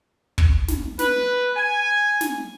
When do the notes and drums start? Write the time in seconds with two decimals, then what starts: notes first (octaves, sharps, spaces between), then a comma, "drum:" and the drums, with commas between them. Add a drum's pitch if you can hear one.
0.38 drum: kick
0.68 drum: snare
0.99 B4, drum: snare
1.56 G#5
2.21 drum: snare